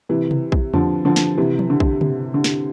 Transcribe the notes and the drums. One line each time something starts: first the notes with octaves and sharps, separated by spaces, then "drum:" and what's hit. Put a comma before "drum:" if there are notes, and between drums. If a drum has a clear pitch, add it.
C3 E3
drum: tom C3
drum: kick A#1
D3 F3, drum: tom E2
D3 F3
drum: snare
C3 E3
drum: tom F3
D3
drum: kick A#1
C3, drum: tom C#3
D3
drum: snare